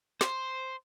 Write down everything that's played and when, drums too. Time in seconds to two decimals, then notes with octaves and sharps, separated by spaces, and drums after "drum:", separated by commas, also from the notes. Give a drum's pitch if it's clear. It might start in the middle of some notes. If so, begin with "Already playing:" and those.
0.21 C5, drum: snare